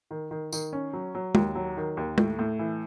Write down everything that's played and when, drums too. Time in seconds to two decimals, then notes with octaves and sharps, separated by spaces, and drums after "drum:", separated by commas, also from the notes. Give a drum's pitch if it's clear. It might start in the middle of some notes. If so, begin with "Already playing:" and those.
0.11 D#3
0.31 D#3
0.53 D#3, drum: tambourine
0.73 C#4
0.93 F#3
1.15 F#3
1.35 D#2, drum: tom
1.55 F#3
1.77 D#3
1.97 D#2
2.18 A2, drum: tom
2.39 A2
2.59 E3